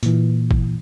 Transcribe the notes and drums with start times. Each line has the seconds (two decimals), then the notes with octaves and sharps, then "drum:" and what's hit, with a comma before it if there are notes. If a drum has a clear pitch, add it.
0.03 A#2 E3, drum: hi-hat
0.51 drum: kick